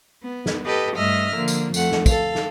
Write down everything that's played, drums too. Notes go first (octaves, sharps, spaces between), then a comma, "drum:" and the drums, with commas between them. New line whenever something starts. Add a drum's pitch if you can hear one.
B3
drum: snare
G4 A4 B4 D#5
G2 A3 D#5 E5 F6 A#6
D3 F3 A#3
drum: tambourine
F2 A3 F#5, drum: tambourine
drum: snare
A4 F5, drum: kick, tambourine
drum: snare